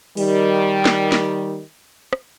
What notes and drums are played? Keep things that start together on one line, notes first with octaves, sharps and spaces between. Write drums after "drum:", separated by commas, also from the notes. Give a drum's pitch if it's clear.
D#3 G3, drum: open hi-hat
drum: snare
drum: snare
drum: rim click